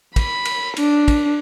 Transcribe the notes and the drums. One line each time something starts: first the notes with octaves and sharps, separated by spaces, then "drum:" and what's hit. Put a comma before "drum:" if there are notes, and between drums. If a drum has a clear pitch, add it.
B5, drum: kick, cymbal
drum: cymbal
D4, drum: cymbal
drum: kick, cymbal